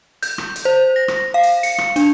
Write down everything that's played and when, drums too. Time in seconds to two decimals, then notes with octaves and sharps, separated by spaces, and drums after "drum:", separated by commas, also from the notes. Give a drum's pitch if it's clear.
0.23 G6, drum: hi-hat
0.38 drum: rim click
0.56 drum: hi-hat
0.65 C5
0.96 A#6
1.08 drum: rim click
1.34 F5
1.43 drum: hi-hat
1.63 C#7, drum: hi-hat
1.78 drum: rim click
1.96 D4, drum: hi-hat